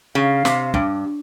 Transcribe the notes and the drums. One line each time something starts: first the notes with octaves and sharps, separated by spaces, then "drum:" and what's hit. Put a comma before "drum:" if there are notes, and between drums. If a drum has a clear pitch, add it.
C#3 F5
C3, drum: snare
G2, drum: kick